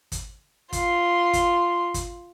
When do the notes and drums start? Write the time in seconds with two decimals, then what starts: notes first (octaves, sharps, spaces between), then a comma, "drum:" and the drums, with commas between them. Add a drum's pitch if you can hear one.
0.12 drum: kick, hi-hat
0.73 F4 C6, drum: kick, hi-hat
1.33 drum: kick, hi-hat
1.94 drum: kick, hi-hat